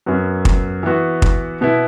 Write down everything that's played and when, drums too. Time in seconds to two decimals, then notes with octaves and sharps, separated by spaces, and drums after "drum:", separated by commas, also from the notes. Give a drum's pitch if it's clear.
0.06 F#2 F#3 B3
0.45 drum: kick
0.83 E3 B3 F#4
1.22 drum: kick
1.61 B2 B3 E4